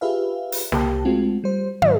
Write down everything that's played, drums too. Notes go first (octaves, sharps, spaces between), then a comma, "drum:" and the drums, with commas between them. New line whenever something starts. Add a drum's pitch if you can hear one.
F4 G4 G#4 B4 E5 F5
drum: open hi-hat
C2 A#3 G4 G5 A5, drum: snare
G#3 A3 C4 F4 F#4
G3 C5
G#2 D#3 F#3, drum: tom